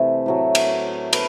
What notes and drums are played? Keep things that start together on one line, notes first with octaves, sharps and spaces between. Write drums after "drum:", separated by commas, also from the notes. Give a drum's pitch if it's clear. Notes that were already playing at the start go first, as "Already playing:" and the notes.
Already playing: C3 E3 A3
A2 F#3 A3
drum: cymbal
A3 B4, drum: cymbal